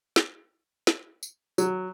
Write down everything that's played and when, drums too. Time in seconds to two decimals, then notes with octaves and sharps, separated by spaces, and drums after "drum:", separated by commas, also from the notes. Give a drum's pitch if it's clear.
0.16 drum: snare
0.87 drum: snare
1.23 drum: tambourine
1.58 F#3, drum: tambourine